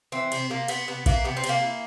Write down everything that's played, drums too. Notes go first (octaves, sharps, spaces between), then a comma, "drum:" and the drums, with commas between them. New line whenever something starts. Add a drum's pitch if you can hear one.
E3 C4
C3, drum: cymbal
C3 A#3
C3 B3, drum: cymbal
C3 B3
E3 A#3, drum: kick A#1, cymbal
C3 B3
C4
C3, drum: cymbal
A#3
E3